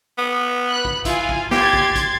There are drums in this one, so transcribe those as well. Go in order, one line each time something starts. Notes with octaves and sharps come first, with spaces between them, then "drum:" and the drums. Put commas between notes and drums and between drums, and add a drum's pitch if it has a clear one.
B3
B5 F#6
drum: kick
E4 F4 F5 G#5, drum: kick, hi-hat
drum: kick
G4 C6 G#6 A6, drum: snare
drum: kick
drum: kick, hi-hat